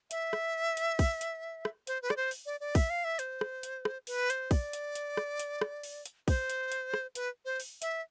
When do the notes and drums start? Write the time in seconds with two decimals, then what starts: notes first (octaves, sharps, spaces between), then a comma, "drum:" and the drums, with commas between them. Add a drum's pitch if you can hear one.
0.11 E5, drum: hi-hat
0.33 drum: rim click
0.77 drum: hi-hat
0.99 drum: kick, open hi-hat
1.21 drum: hi-hat
1.65 drum: rim click
1.87 C5, drum: hi-hat
2.02 B4
2.10 D5, drum: rim click
2.17 C5
2.31 drum: open hi-hat
2.46 D5
2.60 D5
2.75 E5, drum: kick, open hi-hat
2.90 F5
3.04 E5
3.19 C5, drum: hi-hat
3.41 drum: rim click
3.63 drum: hi-hat
3.85 drum: rim click
4.07 B4, drum: open hi-hat
4.30 C5, drum: hi-hat
4.51 D5, drum: kick, open hi-hat
4.73 drum: hi-hat
4.95 drum: hi-hat
5.17 drum: rim click
5.39 drum: hi-hat
5.61 drum: rim click
5.83 drum: open hi-hat
6.06 drum: hi-hat
6.28 C5, drum: kick, open hi-hat
6.50 drum: hi-hat
6.72 drum: hi-hat
6.94 drum: rim click
7.15 B4, drum: hi-hat
7.45 C5
7.60 drum: open hi-hat
7.82 E5, drum: hi-hat